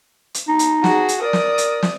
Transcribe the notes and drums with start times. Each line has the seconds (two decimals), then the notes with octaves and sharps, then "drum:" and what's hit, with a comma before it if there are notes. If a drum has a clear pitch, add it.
0.34 drum: hi-hat
0.49 D#4
0.59 drum: hi-hat
0.84 F#4 G#4, drum: snare
1.08 drum: hi-hat
1.22 A#4 D5 D#6
1.33 drum: snare
1.58 drum: hi-hat
1.83 drum: snare